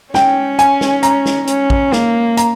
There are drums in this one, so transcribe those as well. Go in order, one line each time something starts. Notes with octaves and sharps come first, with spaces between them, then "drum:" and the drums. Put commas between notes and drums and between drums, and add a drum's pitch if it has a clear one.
C#4 G5, drum: snare
G#5, drum: hi-hat
drum: snare
A#5, drum: hi-hat
drum: snare
C#4, drum: hi-hat
drum: kick
A#3, drum: snare
A#5, drum: hi-hat